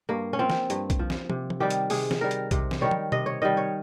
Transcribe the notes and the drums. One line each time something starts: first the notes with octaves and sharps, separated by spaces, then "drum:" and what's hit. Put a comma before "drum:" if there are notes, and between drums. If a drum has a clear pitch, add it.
G2 A#3
C#4
F3 C4
drum: snare
G2, drum: hi-hat
drum: kick B1, hi-hat
F3
drum: snare
C3, drum: tom
drum: tom
D#3 G3 G4
drum: hi-hat
C3 G#4, drum: open hi-hat
drum: snare
D#3 G3 A#4
drum: hi-hat
C3, drum: kick B1, hi-hat
drum: snare
D#3 G3 C#5
drum: tom
C3 D#5, drum: tom B2
C#5
D#3 G3 D#5
C#5